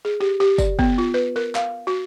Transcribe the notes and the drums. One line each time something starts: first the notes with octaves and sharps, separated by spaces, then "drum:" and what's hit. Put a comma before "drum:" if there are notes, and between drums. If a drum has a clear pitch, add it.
G#4
G4
G4
D5, drum: kick, tambourine
B3, drum: kick
F4
B4
A#4
F5, drum: clap
F#4